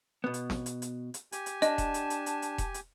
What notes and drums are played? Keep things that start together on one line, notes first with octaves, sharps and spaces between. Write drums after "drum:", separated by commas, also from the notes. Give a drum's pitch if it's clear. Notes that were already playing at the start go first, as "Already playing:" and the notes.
B2 B3
drum: hi-hat
drum: snare
drum: hi-hat
drum: hi-hat
drum: hi-hat
G4 G#5, drum: hi-hat
drum: hi-hat
D4 D#5 A5, drum: hi-hat
drum: kick E1, hi-hat
drum: hi-hat
drum: hi-hat
drum: hi-hat
drum: hi-hat
drum: kick E1, hi-hat
drum: hi-hat